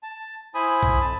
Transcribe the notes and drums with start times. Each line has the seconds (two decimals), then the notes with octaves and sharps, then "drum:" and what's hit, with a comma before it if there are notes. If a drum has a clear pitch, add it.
0.03 A5
0.55 E4 C5 G#5 B5 D#6
0.83 drum: kick A#1
1.01 F2 A5